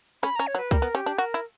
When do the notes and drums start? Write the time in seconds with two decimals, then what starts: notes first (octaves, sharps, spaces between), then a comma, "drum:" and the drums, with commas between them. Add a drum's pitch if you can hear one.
0.23 C#4 B5, drum: rim click
0.36 C#4 A#5
0.47 C#5
0.55 F#3
0.58 B4
0.71 G3 A#4, drum: kick C#2
0.82 B3
0.95 C#4 G4
1.06 D4
1.18 F#4 A#4
1.34 E4